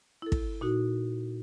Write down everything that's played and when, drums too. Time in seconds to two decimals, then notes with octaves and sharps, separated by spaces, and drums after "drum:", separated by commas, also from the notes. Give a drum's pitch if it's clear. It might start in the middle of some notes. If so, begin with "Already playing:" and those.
0.22 E4 A4
0.32 drum: kick
0.61 A#2 D#4 F#4